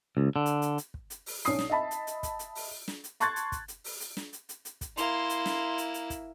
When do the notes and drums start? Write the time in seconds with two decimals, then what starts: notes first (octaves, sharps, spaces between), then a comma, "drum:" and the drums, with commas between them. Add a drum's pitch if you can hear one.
0.17 C#2
0.36 D3
0.46 drum: hi-hat
0.62 drum: hi-hat
0.78 drum: hi-hat
0.94 drum: kick
1.10 drum: hi-hat
1.26 drum: open hi-hat
1.45 B1 C#4 D4 D#6 C7, drum: hi-hat
1.59 drum: snare
1.70 D#5 E5 A5 B5
1.91 drum: hi-hat
2.07 drum: hi-hat
2.23 drum: kick, hi-hat
2.39 drum: hi-hat
2.55 drum: open hi-hat
2.88 drum: snare
3.04 drum: hi-hat
3.20 A5 C6 C#6 F#6 G#6 A6, drum: hi-hat
3.36 drum: hi-hat
3.52 drum: kick, hi-hat
3.68 drum: hi-hat
3.84 drum: open hi-hat
4.00 drum: hi-hat
4.17 drum: snare
4.33 drum: hi-hat
4.49 drum: hi-hat
4.65 drum: hi-hat
4.81 drum: kick, hi-hat
4.97 A#3 E4 C6, drum: hi-hat
5.30 drum: hi-hat
5.46 drum: snare
5.78 drum: hi-hat
5.94 drum: hi-hat
6.10 drum: kick, hi-hat